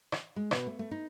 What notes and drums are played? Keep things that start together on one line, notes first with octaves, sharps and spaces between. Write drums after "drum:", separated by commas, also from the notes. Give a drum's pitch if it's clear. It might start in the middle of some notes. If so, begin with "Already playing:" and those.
drum: rim click
G#3
B2, drum: rim click
A3
A3
D#4